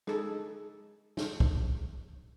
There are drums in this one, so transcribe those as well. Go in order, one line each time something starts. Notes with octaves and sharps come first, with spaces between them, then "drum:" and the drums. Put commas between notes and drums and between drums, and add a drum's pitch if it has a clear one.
G#3 D#4 G#4 A4, drum: rim click
drum: snare
drum: kick